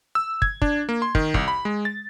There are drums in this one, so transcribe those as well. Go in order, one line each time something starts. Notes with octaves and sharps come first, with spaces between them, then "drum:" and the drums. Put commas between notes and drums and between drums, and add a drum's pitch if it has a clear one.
E6
G#6, drum: kick
D4, drum: kick
A#3
C6
D#3, drum: kick
C2, drum: kick
B5
G#3
A6